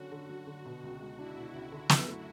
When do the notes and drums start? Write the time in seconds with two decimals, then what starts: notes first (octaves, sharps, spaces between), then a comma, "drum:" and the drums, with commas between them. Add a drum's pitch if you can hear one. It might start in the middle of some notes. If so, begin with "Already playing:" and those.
Already playing: D3 F#3 C#4 F#4
0.11 D3 F#4
0.29 F#3
0.47 D3
0.66 B2
0.83 C#2
1.00 G#3
1.18 D4 E4
1.36 B2
1.54 C#2
1.72 D3
1.89 F#2, drum: snare
2.08 A3